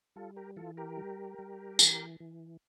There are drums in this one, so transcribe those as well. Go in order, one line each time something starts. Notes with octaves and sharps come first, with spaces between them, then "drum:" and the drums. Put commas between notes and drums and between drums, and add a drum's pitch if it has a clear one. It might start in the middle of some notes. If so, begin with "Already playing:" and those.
G3 F4 A4
G4 A#4
E3 F4 A4
G4 A#4
G3
G3
E3, drum: tambourine
E3